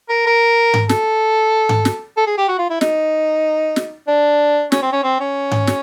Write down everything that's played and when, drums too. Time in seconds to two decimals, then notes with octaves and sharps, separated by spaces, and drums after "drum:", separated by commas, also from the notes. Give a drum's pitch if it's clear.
0.09 A#4
0.26 A#4
0.74 drum: tom G#2
0.89 A4, drum: snare
1.69 drum: tom G#2
1.85 drum: snare
2.17 A4
2.27 G#4
2.38 G4
2.49 F#4
2.59 F4
2.70 E4
2.81 D#4, drum: snare
3.76 drum: snare
4.08 D4
4.72 C#4, drum: snare
4.82 C4
4.92 C#4
5.03 C4
5.20 C#4
5.51 drum: tom G#2
5.67 drum: snare